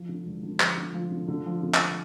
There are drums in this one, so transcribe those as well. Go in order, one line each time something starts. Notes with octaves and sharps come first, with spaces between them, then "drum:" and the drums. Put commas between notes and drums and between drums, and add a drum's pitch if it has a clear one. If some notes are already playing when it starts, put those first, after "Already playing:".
Already playing: F3
D3
E1
D3
F3, drum: clap
D3
F3
D3
D3
F3
D3
drum: clap